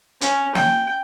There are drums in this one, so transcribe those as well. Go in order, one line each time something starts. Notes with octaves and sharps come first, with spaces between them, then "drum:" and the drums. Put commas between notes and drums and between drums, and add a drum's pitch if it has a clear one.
C#4, drum: hi-hat
G5, drum: snare